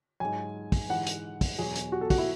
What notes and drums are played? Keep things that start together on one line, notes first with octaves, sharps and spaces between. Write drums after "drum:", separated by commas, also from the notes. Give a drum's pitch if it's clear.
G#2 F#3 G#5
drum: kick, open hi-hat
G#2 E3 F#5
drum: hi-hat
drum: kick, open hi-hat
E2 B2 F#3 G#4
drum: hi-hat
F#4
A4
F#4, drum: kick, open hi-hat
E4